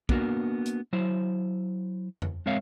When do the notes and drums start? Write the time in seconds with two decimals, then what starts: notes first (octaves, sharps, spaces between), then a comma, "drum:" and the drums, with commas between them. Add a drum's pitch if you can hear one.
0.09 A#3 B3 D4 D#4 F#4 A#4, drum: kick
0.66 drum: hi-hat
0.93 F#3 E4 C5
2.22 drum: tom F2
2.46 G#3 C4 A#4 C#5 E5 F5